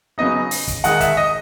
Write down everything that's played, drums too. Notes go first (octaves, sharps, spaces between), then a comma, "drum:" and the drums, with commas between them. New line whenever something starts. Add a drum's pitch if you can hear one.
C#3 F#3 B3 D#4 D#5
drum: open hi-hat
drum: kick, hi-hat
D#3 G#3 D#4 F#5, drum: hi-hat
E5, drum: kick, hi-hat
D#5